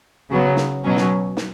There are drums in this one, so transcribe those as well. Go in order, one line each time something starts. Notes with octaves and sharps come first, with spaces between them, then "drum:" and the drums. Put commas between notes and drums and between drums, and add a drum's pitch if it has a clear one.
C#3 F#3 B3
drum: snare
B2 F#3 C#4
drum: snare
drum: snare